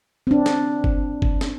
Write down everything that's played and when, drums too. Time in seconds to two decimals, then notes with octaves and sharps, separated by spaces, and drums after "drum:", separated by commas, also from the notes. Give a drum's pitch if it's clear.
0.27 C4 D4
0.46 drum: snare
0.84 drum: kick G1
1.22 drum: kick G1
1.41 drum: snare